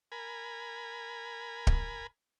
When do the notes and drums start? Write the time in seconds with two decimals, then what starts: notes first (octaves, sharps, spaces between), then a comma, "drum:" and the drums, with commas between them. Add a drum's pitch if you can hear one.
0.12 A#4 G#5 B5
1.67 drum: kick D1